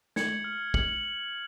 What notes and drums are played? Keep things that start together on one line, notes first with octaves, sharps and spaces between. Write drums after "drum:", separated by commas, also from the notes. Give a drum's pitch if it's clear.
G#6 C#7 F#7, drum: snare
F6
G#6 C#7 F#7, drum: kick